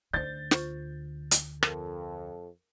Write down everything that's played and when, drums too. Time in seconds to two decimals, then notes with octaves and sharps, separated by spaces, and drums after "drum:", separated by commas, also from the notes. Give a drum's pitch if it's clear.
0.13 D2 D3 C5 D5 G6 A6
0.51 F4 C5 C#6, drum: snare
1.31 drum: hi-hat
1.63 F2 A4 A#4, drum: rim click